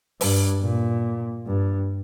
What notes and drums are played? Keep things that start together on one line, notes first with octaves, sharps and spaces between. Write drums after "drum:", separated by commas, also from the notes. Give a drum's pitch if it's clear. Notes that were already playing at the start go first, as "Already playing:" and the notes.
G2, drum: open hi-hat
A#2
G2